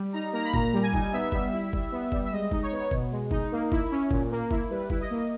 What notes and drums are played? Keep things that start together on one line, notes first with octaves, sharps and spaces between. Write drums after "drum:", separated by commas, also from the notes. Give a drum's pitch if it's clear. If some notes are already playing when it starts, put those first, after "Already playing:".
Already playing: G3
D#4 A#5
A#3 A#5
B5
A#2 A#5, drum: kick G1
G3
G#5
D#4, drum: kick G1
B3 E5
G3, drum: kick G1
E4
G3, drum: kick G1
B3
G3, drum: kick G1
E5
G#3 D#5
D#4, drum: kick G1
C#5
B3
B2, drum: kick G1
G#3
D#4, drum: kick G1
A#3
E4, drum: kick G1
C#4
A#2, drum: kick G1
A#3
E4, drum: kick G1
G3 B4
E4, drum: kick G1
D#5
A#3